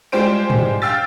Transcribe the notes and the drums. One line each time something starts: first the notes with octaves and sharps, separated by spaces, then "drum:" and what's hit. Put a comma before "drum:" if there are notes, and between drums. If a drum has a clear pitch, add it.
G3 G#3 F4 G4 C5 D7
drum: tom
F5 G5 E6 A6